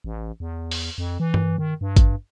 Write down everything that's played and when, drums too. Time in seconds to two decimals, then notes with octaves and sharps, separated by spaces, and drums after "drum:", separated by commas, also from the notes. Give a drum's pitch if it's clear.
0.04 A1
0.40 E2
0.71 drum: open hi-hat
0.98 F2
1.20 E3
1.34 drum: tom G2
1.58 D#3
1.81 G2
1.96 drum: kick G#1, hi-hat